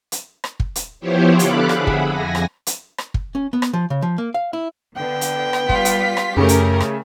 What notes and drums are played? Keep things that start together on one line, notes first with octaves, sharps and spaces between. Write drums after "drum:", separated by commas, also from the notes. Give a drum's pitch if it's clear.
drum: hi-hat
drum: rim click
drum: kick
drum: hi-hat
F3 B3 E4 G4 C5 C#5
D3 A4 F5 B5 D6 F#6, drum: hi-hat
G#4 E5 F#5 B5, drum: rim click
drum: kick
F2 G#5 A#6
drum: rim click
drum: hi-hat
drum: rim click
drum: kick
C#4
B3
drum: rim click
F3
C#3
F3
A#3
F5
E4
D3 B3 G5
drum: hi-hat
drum: rim click
G3 F4 B6, drum: kick
drum: hi-hat
drum: rim click
F#2 C#3 A3 C#4 G4 A#4
drum: hi-hat
drum: rim click